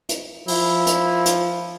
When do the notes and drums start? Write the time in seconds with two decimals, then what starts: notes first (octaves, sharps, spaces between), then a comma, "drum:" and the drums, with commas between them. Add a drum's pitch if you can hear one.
0.09 drum: hi-hat
0.48 F3 E4, drum: open hi-hat
0.87 drum: hi-hat
1.25 drum: hi-hat